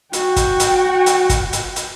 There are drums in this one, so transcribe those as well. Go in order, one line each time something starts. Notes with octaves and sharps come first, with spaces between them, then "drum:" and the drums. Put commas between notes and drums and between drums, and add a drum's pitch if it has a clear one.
F#4 G5, drum: hi-hat
drum: kick, hi-hat
drum: hi-hat
drum: hi-hat
drum: kick, hi-hat
drum: hi-hat
drum: hi-hat